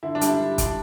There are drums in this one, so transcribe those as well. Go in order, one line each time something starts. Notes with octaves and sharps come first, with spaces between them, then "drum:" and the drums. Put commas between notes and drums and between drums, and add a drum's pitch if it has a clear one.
D3 E4
D4
G3, drum: hi-hat
E4
G3
drum: kick, hi-hat